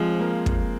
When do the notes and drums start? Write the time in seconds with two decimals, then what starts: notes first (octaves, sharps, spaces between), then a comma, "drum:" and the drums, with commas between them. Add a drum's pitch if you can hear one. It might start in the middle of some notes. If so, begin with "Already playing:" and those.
Already playing: F3 G#3 C4
0.20 A#3
0.46 drum: kick